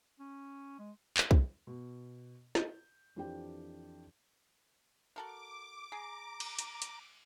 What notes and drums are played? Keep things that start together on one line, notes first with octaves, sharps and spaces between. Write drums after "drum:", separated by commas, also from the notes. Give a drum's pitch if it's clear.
C#4
G#3
drum: clap
drum: kick
B2
G6, drum: snare
F2 E3 D4 G4 G5
F#4 A4 A#4 D6
G#4 A#5
drum: cymbal
drum: hi-hat
drum: hi-hat